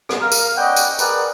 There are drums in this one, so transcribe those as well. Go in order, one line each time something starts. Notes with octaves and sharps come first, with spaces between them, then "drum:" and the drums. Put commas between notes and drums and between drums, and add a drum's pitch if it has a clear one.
drum: rim click
A#4 F5
drum: tambourine
B3 C#4 D5 D#5 F#5 G5
drum: tambourine
G#4 A#4 B4 D5 F#5, drum: tambourine